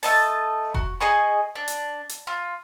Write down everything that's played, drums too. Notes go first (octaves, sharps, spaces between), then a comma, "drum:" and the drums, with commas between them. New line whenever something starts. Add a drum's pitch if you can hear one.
A3 D#5 A5, drum: open hi-hat
F#4, drum: kick F1
G#4 D#5 G#5 C#6
D4
drum: hi-hat
drum: hi-hat
F4